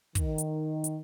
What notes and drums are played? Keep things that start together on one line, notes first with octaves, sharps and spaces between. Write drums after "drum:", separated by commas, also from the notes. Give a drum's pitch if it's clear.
D#3, drum: kick, hi-hat
drum: hi-hat
drum: hi-hat